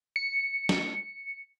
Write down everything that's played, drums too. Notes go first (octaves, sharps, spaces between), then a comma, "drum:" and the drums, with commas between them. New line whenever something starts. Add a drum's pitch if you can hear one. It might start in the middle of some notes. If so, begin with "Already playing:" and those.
C#7
drum: snare